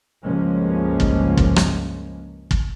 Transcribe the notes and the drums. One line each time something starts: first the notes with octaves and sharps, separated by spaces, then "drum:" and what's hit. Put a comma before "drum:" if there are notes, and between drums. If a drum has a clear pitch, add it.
C#2 G2 F3 G#3 A#3 C#4
drum: kick
drum: kick
drum: rim click
drum: kick